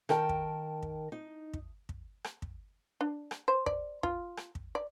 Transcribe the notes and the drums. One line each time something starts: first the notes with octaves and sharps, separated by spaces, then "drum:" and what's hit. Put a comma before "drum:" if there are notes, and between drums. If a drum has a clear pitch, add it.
D#3 A#4 G5 A5, drum: rim click
drum: kick
drum: kick
D#4
drum: kick
drum: kick
drum: rim click
drum: kick
D4
drum: rim click
C5
D5, drum: kick
F4, drum: kick
drum: rim click
drum: kick
D5